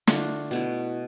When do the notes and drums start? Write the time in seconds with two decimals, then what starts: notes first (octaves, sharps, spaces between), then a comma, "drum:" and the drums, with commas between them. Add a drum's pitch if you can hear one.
0.07 D3 A3 D4 F4, drum: snare
0.51 B2 A3 E4